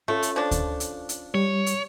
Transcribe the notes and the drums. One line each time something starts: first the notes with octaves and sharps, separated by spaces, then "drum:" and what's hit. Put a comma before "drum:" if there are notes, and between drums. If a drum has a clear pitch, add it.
A3 C#4 F4 A4
drum: hi-hat
F3 D4
drum: kick D2, hi-hat
drum: hi-hat
drum: hi-hat
G3 C#5
drum: hi-hat